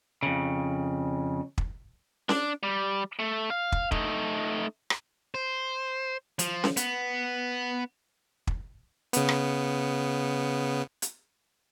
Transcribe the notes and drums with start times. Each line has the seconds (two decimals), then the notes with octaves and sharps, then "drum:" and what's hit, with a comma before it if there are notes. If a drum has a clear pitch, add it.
0.23 F2 C#3
1.58 drum: kick
2.29 D4, drum: snare C#4
2.63 G3
3.19 A3
3.50 F5
3.72 drum: kick
3.92 A3 D#4, drum: kick
4.90 drum: rim click
5.35 C5
6.39 F3, drum: hi-hat
6.64 drum: snare C#4
6.77 B3, drum: hi-hat
8.47 drum: kick
9.13 C#3 B3, drum: hi-hat
9.29 drum: rim click
11.02 drum: hi-hat